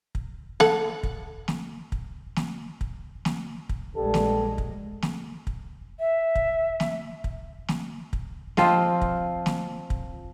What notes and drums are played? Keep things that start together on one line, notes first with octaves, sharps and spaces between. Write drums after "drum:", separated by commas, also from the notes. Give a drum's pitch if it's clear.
drum: kick
A4 F#5, drum: snare
drum: kick
drum: snare
drum: kick
drum: snare
drum: kick
drum: snare
drum: kick
A#1 G2 G3 G#3 A4
drum: snare
drum: kick
drum: snare
drum: kick
E5
drum: kick
drum: snare
drum: kick
drum: snare
drum: kick
F3 C4 F4 D#5, drum: snare
drum: kick
drum: snare
drum: kick